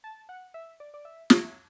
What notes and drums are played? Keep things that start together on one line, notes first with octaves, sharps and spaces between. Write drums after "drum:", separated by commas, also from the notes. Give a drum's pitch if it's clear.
A5
F#5
E5
D5
D5
E5
E5, drum: snare